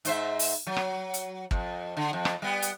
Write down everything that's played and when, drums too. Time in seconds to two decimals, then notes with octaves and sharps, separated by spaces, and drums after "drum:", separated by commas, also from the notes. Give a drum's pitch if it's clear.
0.05 G#2 C5 E5, drum: hi-hat
0.39 drum: open hi-hat
0.67 F#3
0.76 drum: rim click
1.14 drum: hi-hat
1.51 F2, drum: kick
1.97 D3
2.13 F2
2.25 drum: rim click
2.42 G3 B3
2.62 drum: hi-hat